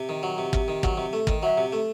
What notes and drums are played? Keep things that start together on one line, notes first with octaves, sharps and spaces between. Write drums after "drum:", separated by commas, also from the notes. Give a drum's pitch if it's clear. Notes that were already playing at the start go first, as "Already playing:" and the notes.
Already playing: C3
D#3
F#3
C3
C3, drum: kick
D#3
F#3, drum: kick
C3
A3
D#3, drum: kick
F#3 E5
C3
A3